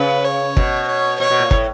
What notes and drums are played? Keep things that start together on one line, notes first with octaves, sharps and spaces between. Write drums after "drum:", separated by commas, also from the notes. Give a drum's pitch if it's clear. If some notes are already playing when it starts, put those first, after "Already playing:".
Already playing: C#3 B4
C#5
B2, drum: kick
C#5
B2 C#5
B2
A#2
A2, drum: kick